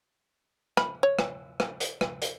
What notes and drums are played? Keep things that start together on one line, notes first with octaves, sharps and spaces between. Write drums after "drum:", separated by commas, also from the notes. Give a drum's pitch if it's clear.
B5, drum: rim click
C#5
drum: rim click
drum: rim click
drum: hi-hat
drum: rim click
drum: hi-hat